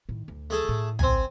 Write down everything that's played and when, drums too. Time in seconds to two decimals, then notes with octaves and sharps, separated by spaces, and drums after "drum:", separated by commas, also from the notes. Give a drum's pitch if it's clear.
0.09 A2 D#3
0.28 D2
0.50 A3 G#4 A4
0.69 A2
0.99 C4 G#5, drum: tom